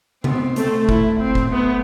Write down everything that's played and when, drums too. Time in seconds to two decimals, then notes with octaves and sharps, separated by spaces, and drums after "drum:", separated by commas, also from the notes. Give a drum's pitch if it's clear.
0.24 B3 C4, drum: tom C3
0.56 A3, drum: hi-hat
0.89 E4, drum: kick F#1
1.20 C4
1.35 drum: kick F#1
1.52 A3 B3